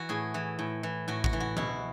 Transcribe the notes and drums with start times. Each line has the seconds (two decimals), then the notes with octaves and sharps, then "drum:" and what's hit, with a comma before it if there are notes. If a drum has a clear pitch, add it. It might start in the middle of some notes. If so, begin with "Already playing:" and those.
Already playing: E3 F#4
0.09 A2 G#4
0.34 E3
0.59 A2
0.83 E3
1.08 A2 F#4
1.24 F#4, drum: kick A1
1.33 E3
1.40 F#4
1.57 B2 E4, drum: tom E3